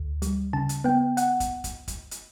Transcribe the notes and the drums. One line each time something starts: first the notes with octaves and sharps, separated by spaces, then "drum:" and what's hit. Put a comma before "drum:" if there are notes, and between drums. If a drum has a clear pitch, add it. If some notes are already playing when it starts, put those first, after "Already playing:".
Already playing: D2
G3, drum: hi-hat
C#3 A5
drum: hi-hat
B3 G5
F#5, drum: hi-hat
drum: kick, hi-hat
drum: kick, hi-hat
drum: kick, hi-hat
drum: hi-hat